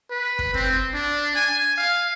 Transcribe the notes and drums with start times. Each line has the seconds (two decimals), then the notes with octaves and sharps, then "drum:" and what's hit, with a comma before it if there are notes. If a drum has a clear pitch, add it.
0.10 B4
0.39 drum: kick
0.54 C4, drum: kick
0.94 D4
1.35 G#5
1.78 F5